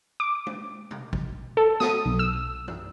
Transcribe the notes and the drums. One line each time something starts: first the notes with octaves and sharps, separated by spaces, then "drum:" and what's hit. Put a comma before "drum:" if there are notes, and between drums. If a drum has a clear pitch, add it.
D6
drum: tom G#3
drum: tom
drum: kick
A4
D#6, drum: snare
B1
E6
drum: tom